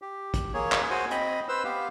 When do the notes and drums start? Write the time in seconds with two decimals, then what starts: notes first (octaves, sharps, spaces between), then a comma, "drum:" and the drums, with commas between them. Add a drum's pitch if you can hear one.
0.02 G4
0.34 drum: kick, hi-hat
0.54 A#3 G#4 C#5
0.72 drum: clap
0.90 F#4 C5 G#5
1.11 C4 D#5 B5, drum: hi-hat
1.49 B4 C5 E6
1.64 B3 G4 F5